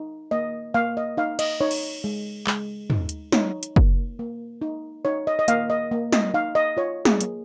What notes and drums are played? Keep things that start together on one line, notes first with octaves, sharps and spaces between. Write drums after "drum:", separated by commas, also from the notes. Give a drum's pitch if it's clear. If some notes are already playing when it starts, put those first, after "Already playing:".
Already playing: D#4
A#3 D#5
A#3 F5
D#5
D#4 F5
D#5, drum: cymbal
D#4 C#5
drum: cymbal
G#3
G#3, drum: clap
D#4, drum: tom
drum: hi-hat
D#4 C#5, drum: snare
drum: hi-hat
A#3, drum: kick
A#3
D#4
D#4 C#5
D#5
D#5
A#3 F5, drum: hi-hat
D#5
A#3
D#5, drum: snare
D#4 F5
D#5
F4 C#5
G#4, drum: snare
A#3, drum: hi-hat